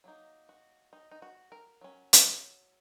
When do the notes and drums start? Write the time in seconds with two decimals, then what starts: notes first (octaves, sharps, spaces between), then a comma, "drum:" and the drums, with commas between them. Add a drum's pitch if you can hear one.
0.04 F#3 A#3 D#4
0.49 F#4
0.93 D#4
1.11 D#4
1.22 F#4
1.52 A#4
1.81 F#3 C#4
2.13 drum: hi-hat